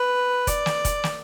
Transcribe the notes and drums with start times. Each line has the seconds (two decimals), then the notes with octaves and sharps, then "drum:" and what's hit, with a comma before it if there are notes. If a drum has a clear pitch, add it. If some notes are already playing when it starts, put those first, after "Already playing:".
Already playing: B4
0.47 D5, drum: kick F1, hi-hat
0.66 drum: snare
0.85 drum: kick F1, hi-hat
1.04 drum: snare